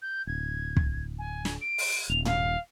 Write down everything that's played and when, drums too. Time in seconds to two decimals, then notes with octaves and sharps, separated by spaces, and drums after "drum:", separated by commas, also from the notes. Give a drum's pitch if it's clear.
0.02 G6
0.27 D1 G#6
0.77 drum: kick
1.18 G#5
1.45 drum: snare
1.61 D7
1.78 drum: open hi-hat
2.09 D#1 F7
2.25 F5, drum: tom